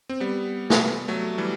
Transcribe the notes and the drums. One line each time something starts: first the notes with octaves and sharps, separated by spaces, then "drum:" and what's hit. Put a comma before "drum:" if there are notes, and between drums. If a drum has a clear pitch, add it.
C4
G3 B3
drum: snare
F#3 A3
E3 G3